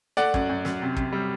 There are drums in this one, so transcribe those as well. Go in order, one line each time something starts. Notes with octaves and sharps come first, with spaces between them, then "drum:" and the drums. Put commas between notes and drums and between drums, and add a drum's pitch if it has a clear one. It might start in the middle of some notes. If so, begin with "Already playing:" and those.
A3 D5 F#5
F#2, drum: kick
F#2
F#2, drum: snare
C3
C3, drum: kick
G3